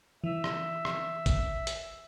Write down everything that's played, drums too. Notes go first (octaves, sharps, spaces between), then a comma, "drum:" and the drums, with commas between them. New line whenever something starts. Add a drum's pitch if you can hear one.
E3 E5
drum: rim click
drum: rim click
drum: kick, hi-hat
drum: hi-hat